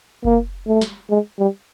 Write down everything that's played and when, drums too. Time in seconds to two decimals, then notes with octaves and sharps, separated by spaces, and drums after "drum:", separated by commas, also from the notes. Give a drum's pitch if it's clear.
0.24 A#3, drum: kick F#1
0.67 A3
0.81 drum: snare
1.10 G#3
1.39 G3